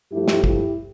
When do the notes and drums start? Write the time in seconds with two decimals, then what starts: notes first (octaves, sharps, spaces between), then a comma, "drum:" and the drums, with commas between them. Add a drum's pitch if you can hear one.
0.12 G2 F3 A3 E4 G4
0.28 drum: snare
0.44 E4 G4, drum: kick